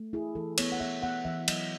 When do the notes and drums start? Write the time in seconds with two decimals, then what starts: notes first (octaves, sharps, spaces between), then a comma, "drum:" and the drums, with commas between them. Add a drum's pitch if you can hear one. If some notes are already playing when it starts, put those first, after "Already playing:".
Already playing: A3
0.13 E4 G#4
0.35 E3 A4
0.58 B3 C#5, drum: cymbal
0.72 F#5
0.80 B3 E5
1.03 B3 F#5
1.25 E3 E5
1.48 F#3 D#5, drum: cymbal